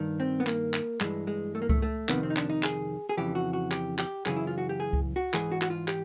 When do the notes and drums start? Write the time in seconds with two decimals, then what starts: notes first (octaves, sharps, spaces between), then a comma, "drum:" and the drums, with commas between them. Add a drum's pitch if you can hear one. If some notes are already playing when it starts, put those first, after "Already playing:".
Already playing: G2 D#3
0.20 C4
0.40 B3
0.47 A#3, drum: clap
0.74 drum: clap
1.01 G2 E3 G#3, drum: clap
1.27 G#3
1.55 A3
1.62 A#3
1.69 A3, drum: kick C#2
1.82 A3
2.09 F2 C3 D#3 B3, drum: clap
2.23 C4
2.30 D#4
2.37 D4, drum: clap
2.50 D#4
2.63 G#4, drum: clap
3.09 G#4
3.17 F2 C#3 E3 G4
3.35 F#4
3.53 F#4
3.71 G4, drum: clap
3.98 G4, drum: clap
4.26 F#2 C#3 E3 G#4, drum: clap
4.36 E4
4.47 F4
4.58 F#4
4.69 G4
4.80 G#4
4.93 drum: kick C#2
5.16 F#4
5.34 G#2 E3 G#4, drum: clap
5.52 F#4
5.62 F#4, drum: clap
5.70 F4
5.88 G4, drum: clap